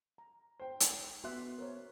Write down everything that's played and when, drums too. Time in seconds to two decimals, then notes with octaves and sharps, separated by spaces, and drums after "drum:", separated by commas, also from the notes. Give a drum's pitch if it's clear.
0.18 A#5
0.60 C5 G5
0.80 drum: hi-hat
1.24 B3 F#4 E5 C6 D6 F#6
1.58 A#4 C5 C#5